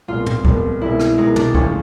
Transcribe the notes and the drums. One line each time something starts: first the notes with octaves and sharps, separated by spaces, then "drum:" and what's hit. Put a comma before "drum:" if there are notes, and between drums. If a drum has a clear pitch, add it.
C2 B2 G#3 F4
drum: tom
C2 B2 G#3, drum: kick C#2
C2 B2 G#3 E4
drum: rim click
C2 B2 G#3 D#4
D4, drum: tom
D2 D3 F3 G#3 C#4, drum: kick C#2